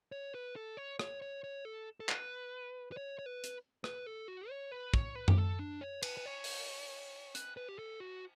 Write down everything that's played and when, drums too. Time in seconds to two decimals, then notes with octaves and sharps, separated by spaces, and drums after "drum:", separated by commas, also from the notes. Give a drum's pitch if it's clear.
0.12 C#5
0.35 B4
0.56 A4
0.77 C#5
0.99 C#5, drum: rim click
1.22 C#5
1.44 C#5
1.65 A4
2.00 A4
2.09 B4, drum: clap
2.92 B4
2.97 C#5
3.19 C#5
3.26 B4
3.44 drum: hi-hat
3.84 B4, drum: rim click
4.06 A4
4.28 F#4
4.49 C#5
4.71 B4
4.94 C#5, drum: kick
5.15 B4
5.28 G4, drum: tom F#2
5.38 A4
5.59 D4
5.81 C#5
6.03 B4, drum: cymbal
6.17 B4
6.26 C#5
6.44 drum: open hi-hat
7.35 B4, drum: hi-hat
7.57 B4
7.69 G4
7.79 A4
8.00 F#4